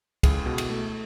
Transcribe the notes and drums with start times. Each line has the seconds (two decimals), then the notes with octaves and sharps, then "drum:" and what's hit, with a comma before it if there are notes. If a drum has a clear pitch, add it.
0.23 C#2 G#4, drum: kick, cymbal
0.46 B2
0.58 drum: cymbal
0.70 A3